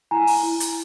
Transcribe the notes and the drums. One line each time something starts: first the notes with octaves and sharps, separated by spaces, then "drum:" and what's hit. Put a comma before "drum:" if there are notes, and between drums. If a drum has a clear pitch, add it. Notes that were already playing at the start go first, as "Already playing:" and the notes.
E4 G#5 A#5
drum: open hi-hat
E4
drum: hi-hat